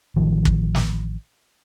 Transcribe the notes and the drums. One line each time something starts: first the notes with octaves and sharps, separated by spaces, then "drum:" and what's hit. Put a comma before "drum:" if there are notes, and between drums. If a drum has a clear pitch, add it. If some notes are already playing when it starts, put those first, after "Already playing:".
A1 D#3 F3
drum: kick
drum: snare